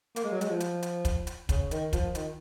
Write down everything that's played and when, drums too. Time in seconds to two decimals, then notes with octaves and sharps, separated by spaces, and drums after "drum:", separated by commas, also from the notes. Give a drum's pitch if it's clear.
0.16 A#3, drum: hi-hat
0.24 G#3
0.32 F#3
0.41 G#3, drum: hi-hat
0.50 F3
0.60 drum: hi-hat
0.83 drum: hi-hat
1.05 drum: kick, hi-hat
1.27 drum: hi-hat
1.49 C#3, drum: kick, hi-hat
1.71 D#3, drum: hi-hat
1.93 F3, drum: kick, hi-hat
2.15 D#3, drum: hi-hat